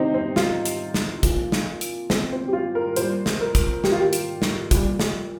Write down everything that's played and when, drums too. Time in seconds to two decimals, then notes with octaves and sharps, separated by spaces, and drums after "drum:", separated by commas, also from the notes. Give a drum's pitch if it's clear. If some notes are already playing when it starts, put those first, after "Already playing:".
Already playing: C3 C4 D#4 G4
0.14 C4
0.36 F4, drum: snare
0.65 drum: hi-hat
0.94 drum: snare
1.23 A#2 F3, drum: kick, hi-hat
1.52 drum: snare
1.81 drum: hi-hat
2.10 C4, drum: snare
2.32 C4
2.48 G4
2.53 F4
2.75 A#4
2.96 A#2 G3 C5, drum: hi-hat
3.26 drum: snare
3.41 A#4
3.55 drum: kick, hi-hat
3.84 G4, drum: snare
3.92 F4
4.00 G4
4.13 drum: hi-hat
4.42 drum: snare
4.71 A#2 G3, drum: kick, hi-hat
5.00 drum: snare